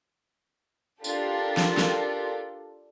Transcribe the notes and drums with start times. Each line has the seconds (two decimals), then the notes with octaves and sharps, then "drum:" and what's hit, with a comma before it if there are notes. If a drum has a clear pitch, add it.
1.04 D4 F4 G4 A4 A#4, drum: tambourine
1.57 drum: snare
1.77 drum: snare